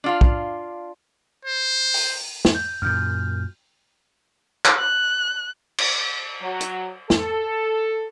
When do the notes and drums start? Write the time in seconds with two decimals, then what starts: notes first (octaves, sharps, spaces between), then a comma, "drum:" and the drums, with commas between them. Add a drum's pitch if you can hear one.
0.04 D4 F4 F5
0.21 drum: kick
1.45 C5
1.94 drum: open hi-hat
2.45 drum: snare
2.55 G6
2.82 F#2 A#2 F6 G6
4.65 drum: clap
4.79 F#6
5.78 drum: cymbal
6.41 F#3
6.61 drum: hi-hat
7.10 A4, drum: snare